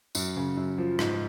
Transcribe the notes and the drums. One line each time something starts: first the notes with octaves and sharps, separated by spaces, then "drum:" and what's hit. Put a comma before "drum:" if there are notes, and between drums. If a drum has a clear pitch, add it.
F#2, drum: tambourine
C#3
F#2
F3
G#2, drum: rim click